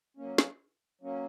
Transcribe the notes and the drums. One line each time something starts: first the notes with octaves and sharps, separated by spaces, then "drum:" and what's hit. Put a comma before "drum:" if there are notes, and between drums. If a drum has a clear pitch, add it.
F#3 A#3 C#4
drum: snare
F#3 A#3 C#4